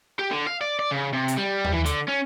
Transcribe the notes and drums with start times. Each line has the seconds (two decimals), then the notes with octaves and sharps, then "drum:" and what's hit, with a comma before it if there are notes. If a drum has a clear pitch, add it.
0.19 G4
0.31 D3
0.47 F5
0.61 D5
0.79 D5
0.91 C#3
1.13 C3
1.28 drum: hi-hat
1.38 G3
1.64 drum: tom D#2
1.73 E3
1.86 D3, drum: hi-hat
2.08 C#4